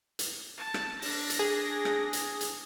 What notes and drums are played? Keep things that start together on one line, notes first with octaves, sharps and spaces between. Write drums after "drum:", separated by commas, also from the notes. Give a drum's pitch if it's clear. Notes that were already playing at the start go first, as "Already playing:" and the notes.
drum: hi-hat
A5
drum: rim click
D4 A#6, drum: open hi-hat
drum: hi-hat
G#4
drum: rim click
drum: hi-hat
drum: hi-hat